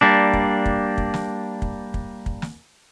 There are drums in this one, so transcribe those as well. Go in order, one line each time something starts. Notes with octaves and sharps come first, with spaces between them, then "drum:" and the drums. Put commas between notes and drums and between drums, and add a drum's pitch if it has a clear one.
G3 A#3 D4
drum: kick
drum: kick
drum: kick
drum: snare
drum: kick
drum: kick
drum: kick
drum: snare